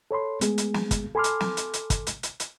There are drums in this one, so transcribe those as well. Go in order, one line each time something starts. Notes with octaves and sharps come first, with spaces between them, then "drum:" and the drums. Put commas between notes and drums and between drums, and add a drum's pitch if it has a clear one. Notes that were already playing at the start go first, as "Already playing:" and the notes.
A4 C#5 B5 C6
G#3 A3 B3 G#4, drum: hi-hat
drum: hi-hat
drum: snare
drum: kick, hi-hat
A4 G#5 B5 C6 D6 F6
drum: hi-hat
drum: snare
drum: hi-hat
drum: hi-hat
drum: kick, hi-hat
drum: hi-hat
drum: hi-hat
drum: hi-hat